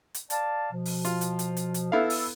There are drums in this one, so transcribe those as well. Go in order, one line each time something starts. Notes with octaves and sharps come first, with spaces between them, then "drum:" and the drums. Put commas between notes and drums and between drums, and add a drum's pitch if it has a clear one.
drum: hi-hat
D5 F5 A5, drum: hi-hat
B2 F3
drum: open hi-hat
F4, drum: hi-hat
drum: hi-hat
drum: hi-hat
drum: hi-hat
drum: hi-hat
B3 E4 A4 F5
drum: open hi-hat